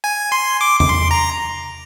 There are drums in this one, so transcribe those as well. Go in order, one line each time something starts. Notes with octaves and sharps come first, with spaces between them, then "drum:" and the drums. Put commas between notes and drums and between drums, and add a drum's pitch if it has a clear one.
G#5
C6
D6
D6, drum: tom E2
C6
A#5